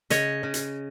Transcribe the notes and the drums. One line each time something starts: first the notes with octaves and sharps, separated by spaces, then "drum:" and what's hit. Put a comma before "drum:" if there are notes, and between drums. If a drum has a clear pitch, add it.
C#3 C#5 D#5, drum: hi-hat
C#3
drum: hi-hat